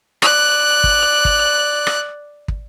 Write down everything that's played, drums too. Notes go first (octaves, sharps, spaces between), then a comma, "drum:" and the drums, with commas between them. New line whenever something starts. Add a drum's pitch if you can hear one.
D5 F#6, drum: rim click
drum: kick
drum: kick
drum: rim click
drum: kick